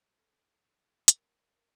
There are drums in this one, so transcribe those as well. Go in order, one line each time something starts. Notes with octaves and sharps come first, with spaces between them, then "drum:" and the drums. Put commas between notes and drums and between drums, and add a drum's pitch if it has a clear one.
A4
A#4, drum: hi-hat
A#4